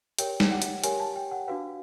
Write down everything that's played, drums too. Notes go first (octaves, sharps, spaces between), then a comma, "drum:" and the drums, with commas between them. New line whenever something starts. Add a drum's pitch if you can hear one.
G4 A#4 C#5 G5, drum: hi-hat
drum: snare
F#5
drum: hi-hat
G4 A#4 C#5 G#5, drum: hi-hat
A5
G5
F#5
D4 F#4 B4 F5